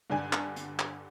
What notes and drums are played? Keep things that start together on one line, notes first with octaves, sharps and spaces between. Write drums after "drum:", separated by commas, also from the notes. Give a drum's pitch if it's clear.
G2 D3 D4 G#5
drum: clap
drum: hi-hat
drum: clap